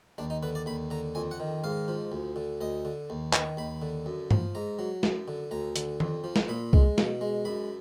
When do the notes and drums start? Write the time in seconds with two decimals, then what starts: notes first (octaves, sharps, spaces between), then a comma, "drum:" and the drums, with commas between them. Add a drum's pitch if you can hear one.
0.18 D#2 D4
0.30 D#4
0.43 D3 B4
0.55 D5
0.66 D#2 B5
0.90 D3 A#5
1.15 F2 G#5
1.31 F#5
1.40 D#3
1.64 G#2 F5
1.88 F3
2.12 D2
2.36 D3
2.61 D2 D#5
2.85 D3
3.10 D#2
3.33 D#3, drum: clap
3.57 D#2 B5
3.82 D3
4.06 F#2
4.31 F3, drum: tom G2
4.55 G#2 A#5
4.79 F#3
5.03 F#2, drum: snare
5.28 D3
5.51 D2 A#5
5.76 D3, drum: hi-hat
6.00 F2, drum: tom D#3
6.24 F3
6.36 drum: snare
6.48 A#2 B5
6.73 G#3, drum: kick C2
6.98 B2, drum: snare
7.21 G#3
7.45 F#2 B5